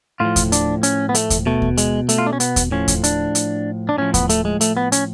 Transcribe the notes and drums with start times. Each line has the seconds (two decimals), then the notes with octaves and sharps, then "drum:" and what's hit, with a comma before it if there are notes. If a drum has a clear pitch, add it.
0.20 A2 F3 F4
0.36 drum: kick D#2, hi-hat
0.52 D4, drum: hi-hat
0.83 C#4, drum: hi-hat
1.09 B3
1.15 A3, drum: hi-hat
1.30 drum: kick D#2, hi-hat
1.46 B2 A3
1.62 drum: kick D#2
1.77 G#3, drum: hi-hat
2.09 A3, drum: hi-hat
2.18 F4
2.26 D4
2.33 C#4
2.40 B3, drum: hi-hat
2.56 drum: kick D#2, hi-hat
2.71 A2 F3 C#4
2.88 drum: kick D#2, hi-hat
3.04 D4, drum: hi-hat
3.35 drum: hi-hat
3.89 D4
3.98 A2 F3 C#4
4.14 B3, drum: kick D#2, hi-hat
4.29 A3, drum: hi-hat
4.45 G#3
4.61 A3, drum: hi-hat
4.77 B3
4.92 C#4, drum: hi-hat